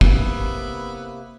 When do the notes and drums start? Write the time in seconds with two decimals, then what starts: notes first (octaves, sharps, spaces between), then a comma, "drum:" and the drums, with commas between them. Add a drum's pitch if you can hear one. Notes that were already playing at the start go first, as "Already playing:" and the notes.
0.01 C3 A#3 B3 E4, drum: kick